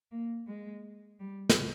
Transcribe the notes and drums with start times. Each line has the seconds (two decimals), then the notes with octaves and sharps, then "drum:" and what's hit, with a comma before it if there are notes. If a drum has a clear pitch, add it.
0.12 A#3
0.48 G#3
1.20 G3
1.49 drum: snare